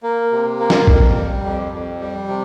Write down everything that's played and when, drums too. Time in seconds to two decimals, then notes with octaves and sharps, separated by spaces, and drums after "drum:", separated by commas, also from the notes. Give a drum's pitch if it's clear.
0.03 A#3
0.32 C3
0.59 A#3
0.70 drum: snare
0.87 F2, drum: kick A#1
1.15 G3
1.43 F2
1.72 F2
2.00 G3
2.28 C3